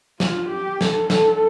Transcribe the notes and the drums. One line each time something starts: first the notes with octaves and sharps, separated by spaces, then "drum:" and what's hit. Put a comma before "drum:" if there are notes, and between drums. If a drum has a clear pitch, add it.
F4, drum: snare
G4
A4, drum: snare
A4, drum: snare